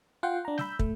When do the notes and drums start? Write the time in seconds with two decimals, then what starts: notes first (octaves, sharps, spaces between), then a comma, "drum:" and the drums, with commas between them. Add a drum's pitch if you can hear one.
0.23 F4 F#5 G5 C6
0.45 D4 A#5
0.58 B5 E6 G6, drum: snare
0.79 A3, drum: kick